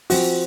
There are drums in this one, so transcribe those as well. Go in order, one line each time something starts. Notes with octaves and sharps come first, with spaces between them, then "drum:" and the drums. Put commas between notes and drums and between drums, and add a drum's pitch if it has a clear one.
F3 C4 F#4, drum: open hi-hat